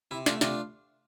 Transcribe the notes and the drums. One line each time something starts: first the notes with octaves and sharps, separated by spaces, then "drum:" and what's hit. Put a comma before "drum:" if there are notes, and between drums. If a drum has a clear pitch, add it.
C3 E4
A3 D4 F4, drum: snare
C3 D4 F4, drum: snare